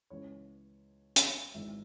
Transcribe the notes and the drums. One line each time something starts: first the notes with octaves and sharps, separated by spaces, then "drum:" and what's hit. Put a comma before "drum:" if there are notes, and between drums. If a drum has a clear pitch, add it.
C#2 C#3 E3 C#5
drum: hi-hat
G#1 G#2 E3 G#3 E5